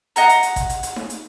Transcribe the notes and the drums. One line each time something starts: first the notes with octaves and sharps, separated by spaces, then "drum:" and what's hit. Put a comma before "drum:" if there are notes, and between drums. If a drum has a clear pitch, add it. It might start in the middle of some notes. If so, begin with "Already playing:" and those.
D#5 F#5 A#5, drum: hi-hat
drum: hi-hat
drum: hi-hat
drum: kick G#1, hi-hat
drum: hi-hat
drum: hi-hat
drum: snare D#4
drum: hi-hat